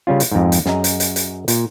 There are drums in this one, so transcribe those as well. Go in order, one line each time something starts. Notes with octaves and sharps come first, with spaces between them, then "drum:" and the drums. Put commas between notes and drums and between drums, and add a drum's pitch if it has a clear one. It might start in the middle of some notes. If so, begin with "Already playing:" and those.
C#3 G3 C#4 F4
drum: hi-hat
F2 G#2
drum: hi-hat
F#2 G#4 D#5 A#5, drum: snare
drum: hi-hat
drum: hi-hat
drum: hi-hat
A#2, drum: hi-hat